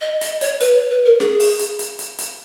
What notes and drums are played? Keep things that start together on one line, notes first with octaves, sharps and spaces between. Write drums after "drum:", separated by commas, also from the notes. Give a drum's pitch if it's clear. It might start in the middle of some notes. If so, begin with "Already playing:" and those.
D#5
D#5, drum: hi-hat
C#5, drum: hi-hat
B4, drum: hi-hat
C#5
B4
A#4
G#4, drum: snare
drum: open hi-hat
drum: hi-hat
drum: hi-hat
drum: hi-hat
drum: hi-hat